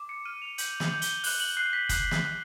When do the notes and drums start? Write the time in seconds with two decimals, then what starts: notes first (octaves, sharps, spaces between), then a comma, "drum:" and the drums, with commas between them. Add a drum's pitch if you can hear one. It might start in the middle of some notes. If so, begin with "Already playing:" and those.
Already playing: D6
0.09 C#7
0.25 F6 D#7
0.42 F7
0.58 G6 F#7, drum: hi-hat
0.80 F#7, drum: snare
0.91 G6
1.02 G7, drum: hi-hat
1.24 F#6 F#7, drum: open hi-hat
1.40 F#7
1.57 F#6 C7
1.73 B6
1.89 F#6, drum: kick F#1, hi-hat
2.11 drum: snare
2.22 F#6